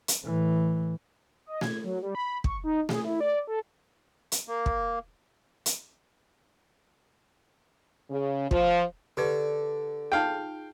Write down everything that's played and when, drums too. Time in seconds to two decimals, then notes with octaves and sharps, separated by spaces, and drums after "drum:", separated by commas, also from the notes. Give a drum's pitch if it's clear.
0.08 drum: hi-hat
0.24 A2 E3
1.46 D#5
1.61 G#6, drum: snare A3
1.84 F#3
2.02 G3
2.15 B5
2.44 C#6, drum: kick
2.64 D#4
2.89 G#4, drum: snare A3
3.05 E4
3.20 D5
3.47 A4
4.32 drum: hi-hat
4.48 A#3
4.66 drum: kick
5.66 drum: hi-hat
8.10 C#3
8.51 F3, drum: kick
9.17 D3 G4 B4 D5
10.12 D#4 F4 G#4 F5 G5